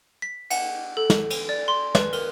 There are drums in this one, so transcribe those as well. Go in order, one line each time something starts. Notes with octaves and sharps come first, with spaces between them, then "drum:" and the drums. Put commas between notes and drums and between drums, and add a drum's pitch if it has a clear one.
B6
F#5, drum: cymbal
A4
drum: snare
drum: cymbal
D5
C6
B4, drum: snare
A#4, drum: cymbal